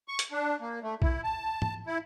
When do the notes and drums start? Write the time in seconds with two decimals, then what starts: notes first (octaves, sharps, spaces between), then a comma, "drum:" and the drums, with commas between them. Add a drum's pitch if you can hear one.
0.08 C#6
0.19 drum: hi-hat
0.32 D4
0.61 A#3
0.82 A3
1.02 E4, drum: kick
1.24 A5
1.62 drum: tom
1.86 E4